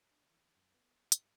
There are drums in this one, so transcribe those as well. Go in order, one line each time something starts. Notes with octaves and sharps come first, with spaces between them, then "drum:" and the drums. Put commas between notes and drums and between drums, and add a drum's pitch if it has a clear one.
D4
E3
F#2
B3
G#2, drum: hi-hat